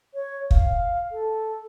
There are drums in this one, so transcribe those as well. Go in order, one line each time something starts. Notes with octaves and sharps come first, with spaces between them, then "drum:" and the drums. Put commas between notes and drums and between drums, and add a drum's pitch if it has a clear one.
C#5
F5, drum: kick
A4